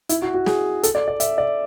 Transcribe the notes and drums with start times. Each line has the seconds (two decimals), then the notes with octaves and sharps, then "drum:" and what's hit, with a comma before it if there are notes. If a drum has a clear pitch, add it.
0.09 E4, drum: hi-hat
0.22 F#4
0.34 F#4
0.46 G#4, drum: snare
0.83 A4, drum: hi-hat
0.95 D5
1.08 D5
1.20 E5, drum: hi-hat
1.38 D5